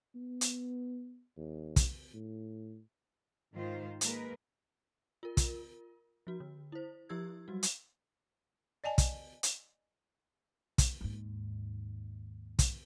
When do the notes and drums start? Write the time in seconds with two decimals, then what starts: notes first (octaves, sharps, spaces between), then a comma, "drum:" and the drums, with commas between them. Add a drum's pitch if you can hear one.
0.15 B3
0.41 drum: hi-hat
1.37 D#2
1.76 drum: kick, hi-hat
2.14 A2
3.53 G#2 D#3 F4 C5
4.01 G#3 A#3 A#4 B4, drum: hi-hat
5.23 F4 A#4
5.37 drum: kick, hi-hat
6.27 F3 F#4
6.40 D3
6.72 E4 C5
7.09 F3 E4 G4 E6 G#6
7.48 F#3 G3 F#4
7.63 drum: hi-hat
8.84 D5 D#5 G#5 A5
8.98 drum: kick, hi-hat
9.43 drum: hi-hat
10.78 drum: kick, hi-hat
11.01 D#2 G#2
12.59 drum: kick, hi-hat